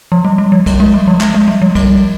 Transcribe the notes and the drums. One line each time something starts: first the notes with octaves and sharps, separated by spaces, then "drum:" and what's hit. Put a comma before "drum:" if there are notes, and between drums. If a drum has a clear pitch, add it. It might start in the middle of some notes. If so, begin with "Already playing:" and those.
F3
G3
G3
F3
G3, drum: kick B1, cymbal
G#3
G3
F3
G#3, drum: clap
G#3
G3
F3
G3, drum: kick B1, cymbal